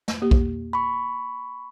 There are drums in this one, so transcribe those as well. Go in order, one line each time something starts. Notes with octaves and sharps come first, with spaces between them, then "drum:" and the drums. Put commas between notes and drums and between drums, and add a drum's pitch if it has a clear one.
drum: snare
A#3 G4
drum: kick
B5 C#6